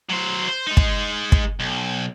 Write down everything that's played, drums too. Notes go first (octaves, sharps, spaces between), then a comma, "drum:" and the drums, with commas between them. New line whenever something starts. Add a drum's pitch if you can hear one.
F#3 C5
C5
G#3 D#4
drum: kick
drum: kick
B1